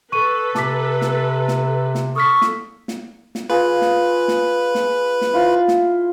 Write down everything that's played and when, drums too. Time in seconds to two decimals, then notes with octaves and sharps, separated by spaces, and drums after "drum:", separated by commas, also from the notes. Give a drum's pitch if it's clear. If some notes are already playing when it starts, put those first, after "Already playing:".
0.12 A4 B4 C#6 D#7
0.55 C3 A5 D6 B6, drum: snare
1.02 drum: snare
1.48 drum: snare
1.95 drum: snare
2.16 A4 C#6 D#6 F6 B6
2.42 drum: snare
2.88 drum: snare
3.35 drum: snare
3.50 F4 G#4 B4
3.82 drum: snare
4.28 drum: snare
4.75 drum: snare
5.22 drum: snare
5.33 E4 F4 C5
5.68 drum: snare